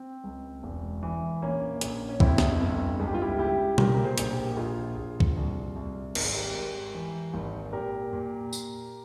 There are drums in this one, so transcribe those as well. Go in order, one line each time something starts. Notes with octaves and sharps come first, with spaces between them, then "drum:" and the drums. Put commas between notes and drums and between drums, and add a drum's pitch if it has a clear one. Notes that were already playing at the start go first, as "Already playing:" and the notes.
Already playing: C4
C#2
E1
E3
A#1 A#3 C#4
A#1, drum: hi-hat
C#4
F2 C4 E4, drum: kick
drum: snare
G1
C#2 G#4
G4
F4
E4 G4
C#3 E4 G4
A#2 G4 A#4, drum: tom B2
A#4
G#4 C5
A#1, drum: hi-hat
G4 A#4
G4
A#1 F4 G#4
A#1
drum: kick
C2
C2
G#1 A#4, drum: cymbal
G#4
G4 A#4
G#2
E3
G#1
A#2 G4 A#4
A#2
drum: tambourine